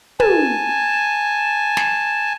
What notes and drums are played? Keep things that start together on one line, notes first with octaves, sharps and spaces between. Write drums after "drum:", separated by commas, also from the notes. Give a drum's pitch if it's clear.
G#5 A5, drum: tom
drum: snare